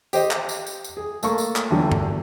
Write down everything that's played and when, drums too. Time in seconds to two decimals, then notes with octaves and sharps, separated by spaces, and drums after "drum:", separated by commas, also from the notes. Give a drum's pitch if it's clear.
0.13 G4 C5 D#5, drum: tambourine
0.31 drum: clap
0.49 drum: tambourine
0.67 drum: tambourine
0.84 drum: tambourine
0.97 G#4
1.23 A3 A#3 C#6, drum: tambourine
1.38 drum: tambourine
1.56 drum: clap
1.70 E2 G2 D3 D#3 F#3
1.92 drum: tom G2